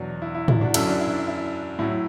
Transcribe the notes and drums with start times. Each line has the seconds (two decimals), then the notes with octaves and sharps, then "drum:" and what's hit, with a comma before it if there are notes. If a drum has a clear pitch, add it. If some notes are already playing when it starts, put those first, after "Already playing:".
Already playing: E2 B2 F#3 D4 F#4
0.22 E4
0.34 E4
0.48 E4, drum: tom
0.61 D4 F#4
0.74 F#2 D3 F#3 E4 A4, drum: cymbal
0.87 D4 F#4
1.00 E4
1.13 D4
1.27 E4
1.79 A2 F#3 E4